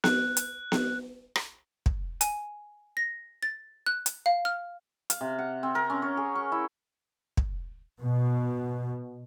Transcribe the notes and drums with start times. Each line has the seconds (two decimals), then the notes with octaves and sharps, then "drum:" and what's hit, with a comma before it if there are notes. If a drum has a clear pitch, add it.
0.04 F#6, drum: snare B3
0.37 drum: hi-hat
0.72 drum: snare B3
1.36 drum: rim click
1.86 drum: kick
2.21 G#5, drum: hi-hat
2.97 A#6
3.43 A6
3.86 F#6
4.06 drum: hi-hat
4.26 F5
4.45 F6
5.10 F5, drum: hi-hat
5.21 C3
5.39 F#5
5.63 C4
5.75 A#4
5.90 C#4
6.02 C#5
6.17 G#4
6.35 C#6
6.52 E4
7.37 drum: kick
8.01 B2